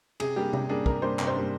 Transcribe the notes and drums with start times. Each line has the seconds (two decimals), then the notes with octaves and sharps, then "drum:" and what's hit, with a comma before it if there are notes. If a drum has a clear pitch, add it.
0.20 C3 G#4, drum: cymbal
0.36 G3 A#3 D4 G4
0.53 C3, drum: tom C3
0.69 G3 A#3 D4 G#4
0.86 C3 A#4, drum: kick
1.02 G3 A#3 D4 C5
1.19 C3, drum: clap
1.27 C5
1.35 G3 A#3 D4